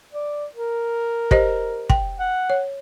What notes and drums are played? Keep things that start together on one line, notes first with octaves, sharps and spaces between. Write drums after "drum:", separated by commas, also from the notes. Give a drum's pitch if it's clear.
D5
A#4
G4 C5 D#5, drum: kick
G5, drum: kick
F#5
C#5